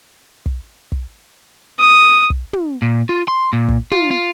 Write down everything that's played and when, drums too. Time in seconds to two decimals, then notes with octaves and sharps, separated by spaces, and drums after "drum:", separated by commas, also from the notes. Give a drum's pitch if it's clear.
0.46 drum: kick
0.92 drum: kick
1.79 D#6
2.30 drum: kick
2.53 drum: tom
2.82 A#2
3.09 F4
3.28 C6
3.53 A#2
3.69 drum: kick
3.92 F4, drum: tom
4.11 F4